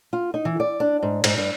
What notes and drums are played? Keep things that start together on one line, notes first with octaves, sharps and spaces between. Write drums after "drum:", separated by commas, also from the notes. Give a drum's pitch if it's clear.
F4
D#4
E3
D5
D4
G#2
G#2, drum: cymbal
G2